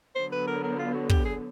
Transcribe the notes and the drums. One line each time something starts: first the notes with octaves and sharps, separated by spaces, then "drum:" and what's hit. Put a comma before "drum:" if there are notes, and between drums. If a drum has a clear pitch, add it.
D3 F#3 B3 C5
B4
A#4
A#4
F4
F#4
G4, drum: kick
G#4